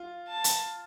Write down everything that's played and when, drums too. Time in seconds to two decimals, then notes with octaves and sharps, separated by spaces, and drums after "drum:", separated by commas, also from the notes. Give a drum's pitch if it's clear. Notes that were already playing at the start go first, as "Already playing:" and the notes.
Already playing: F4
0.28 A5
0.44 drum: hi-hat